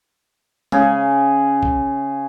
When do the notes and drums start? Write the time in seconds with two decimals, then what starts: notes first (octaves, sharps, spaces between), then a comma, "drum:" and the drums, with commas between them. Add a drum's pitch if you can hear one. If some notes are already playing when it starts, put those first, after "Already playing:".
0.72 C#3 G#4, drum: tom G#3
1.63 drum: kick A#1